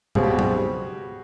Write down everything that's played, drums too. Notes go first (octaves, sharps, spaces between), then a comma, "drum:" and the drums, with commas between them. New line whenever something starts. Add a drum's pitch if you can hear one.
C#2 B2 G3 C4 G#4, drum: tom G2
G4
F#4
G4, drum: tom F#3